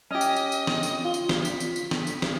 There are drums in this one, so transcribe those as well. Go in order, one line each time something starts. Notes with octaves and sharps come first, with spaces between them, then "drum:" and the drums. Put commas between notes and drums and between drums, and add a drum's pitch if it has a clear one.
C#4 G4 D#5
drum: tambourine
drum: tambourine
drum: tambourine
drum: snare
drum: tambourine
F4 G7
drum: tambourine
drum: snare
B6, drum: tambourine
drum: tambourine
drum: tambourine
drum: snare
drum: tambourine
drum: snare